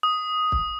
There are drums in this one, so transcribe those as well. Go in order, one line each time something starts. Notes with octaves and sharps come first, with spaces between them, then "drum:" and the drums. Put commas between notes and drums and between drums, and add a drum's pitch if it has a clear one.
D#6
drum: kick